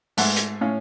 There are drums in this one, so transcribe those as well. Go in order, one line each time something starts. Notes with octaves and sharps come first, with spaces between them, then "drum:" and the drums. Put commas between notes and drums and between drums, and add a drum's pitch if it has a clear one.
G#2 A3 F#5, drum: open hi-hat
drum: hi-hat
A2 C#4 F5